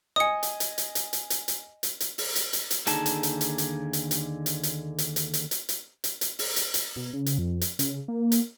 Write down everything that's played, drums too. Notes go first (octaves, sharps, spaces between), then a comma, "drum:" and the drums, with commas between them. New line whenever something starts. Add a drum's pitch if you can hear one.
D#5 G#5 D#6 C#7
drum: hi-hat
drum: hi-hat
drum: hi-hat
drum: hi-hat
drum: hi-hat
drum: hi-hat
drum: hi-hat
drum: hi-hat
drum: hi-hat
drum: open hi-hat
drum: hi-hat
drum: hi-hat
drum: hi-hat
D#2 D3 D#4 G#4 A5, drum: hi-hat
drum: hi-hat
drum: hi-hat
drum: hi-hat
drum: hi-hat
drum: hi-hat
drum: hi-hat
drum: hi-hat
drum: hi-hat
drum: hi-hat
drum: hi-hat
drum: hi-hat
drum: hi-hat
drum: hi-hat
drum: hi-hat
drum: hi-hat
drum: open hi-hat
drum: hi-hat
drum: hi-hat
B2
C#3
drum: hi-hat
F2
drum: hi-hat
C#3, drum: hi-hat
A#3
drum: hi-hat